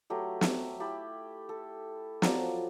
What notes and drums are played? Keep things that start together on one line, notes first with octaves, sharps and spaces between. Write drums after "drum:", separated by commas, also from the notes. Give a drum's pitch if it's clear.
F#3 A3 G4
drum: snare
E4 G4 A5 B5
A4
F3 F#3 D5, drum: snare